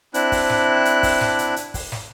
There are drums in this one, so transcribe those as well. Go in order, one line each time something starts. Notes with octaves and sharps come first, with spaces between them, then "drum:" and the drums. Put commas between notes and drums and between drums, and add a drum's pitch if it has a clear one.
C4 D4 E4 F#6, drum: hi-hat
drum: kick, open hi-hat
drum: snare
drum: hi-hat
drum: kick, open hi-hat
drum: snare
drum: hi-hat
drum: hi-hat
drum: kick, open hi-hat
drum: snare